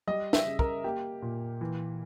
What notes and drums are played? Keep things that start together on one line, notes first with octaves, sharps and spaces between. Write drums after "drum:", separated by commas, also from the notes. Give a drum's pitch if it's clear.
G3 D#5
E5, drum: snare
C#3
A#4, drum: kick
A#3 G4
A#2
E3